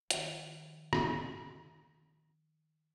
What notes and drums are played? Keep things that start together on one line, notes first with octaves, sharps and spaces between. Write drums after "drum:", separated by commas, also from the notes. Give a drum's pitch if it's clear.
D#3 F3 G3 B3, drum: hi-hat
drum: rim click